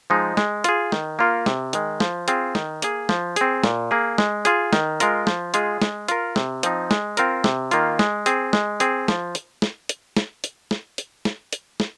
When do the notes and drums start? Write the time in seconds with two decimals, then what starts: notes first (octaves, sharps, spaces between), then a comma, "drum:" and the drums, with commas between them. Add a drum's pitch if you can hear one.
0.10 F3 G#3 D#4
0.37 G#3, drum: snare
0.64 F4 G#4, drum: hi-hat
0.92 D#3, drum: snare
1.19 A#3 F4 A#4
1.46 C3, drum: snare
1.73 D#3 G#3, drum: hi-hat
2.00 F3, drum: snare
2.28 C4 F4 G#4, drum: hi-hat
2.55 D#3, drum: snare
2.82 A#3 G#4, drum: hi-hat
3.09 F3, drum: snare
3.36 C4 G#4, drum: hi-hat
3.64 A#2, drum: snare
3.91 A#3 G#4
4.18 G#3, drum: snare
4.45 F4 G#4, drum: hi-hat
4.73 D#3, drum: snare
5.00 G#3 F4 A#4, drum: hi-hat
5.27 F3, drum: snare
5.54 G#3 F4 G#4, drum: hi-hat
5.82 G#3, drum: snare
6.08 F4 A#4, drum: hi-hat
6.36 C3, drum: snare
6.63 F3 C4 D#4, drum: hi-hat
6.91 G#3, drum: snare
7.17 C4 F4 A#4, drum: hi-hat
7.44 C3, drum: snare
7.71 D#3 A#3 F4, drum: hi-hat
7.99 G#3, drum: snare
8.26 C4 G#4, drum: hi-hat
8.53 G#3, drum: snare
8.80 C4 G#4, drum: hi-hat
9.08 F3, drum: snare
9.35 drum: hi-hat
9.62 drum: snare
9.89 drum: hi-hat
10.17 drum: snare
10.44 drum: hi-hat
10.71 drum: snare
10.98 drum: hi-hat
11.25 drum: snare
11.53 drum: hi-hat
11.80 drum: snare